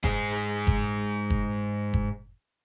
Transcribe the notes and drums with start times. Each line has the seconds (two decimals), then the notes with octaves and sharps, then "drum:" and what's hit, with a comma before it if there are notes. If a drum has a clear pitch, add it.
0.04 G#2 G#4, drum: kick
0.67 drum: kick
1.30 drum: kick
1.94 drum: kick